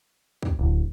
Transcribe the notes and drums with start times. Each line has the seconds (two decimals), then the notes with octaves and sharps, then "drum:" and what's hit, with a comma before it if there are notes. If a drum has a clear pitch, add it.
0.43 drum: kick C#2
0.59 D1